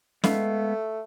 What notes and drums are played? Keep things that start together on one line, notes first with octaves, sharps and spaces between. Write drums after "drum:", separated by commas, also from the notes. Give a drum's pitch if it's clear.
G#3 A3 B3 F5, drum: snare C#4